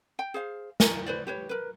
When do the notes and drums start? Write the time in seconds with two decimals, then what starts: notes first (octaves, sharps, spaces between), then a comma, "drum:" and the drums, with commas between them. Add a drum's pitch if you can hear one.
0.19 G5
0.34 G#4 C5 F5
0.80 A#4 F5 G#5 A#5, drum: snare
1.06 B4 C5 D5
1.27 G4 B4 C#5
1.49 A#4 B4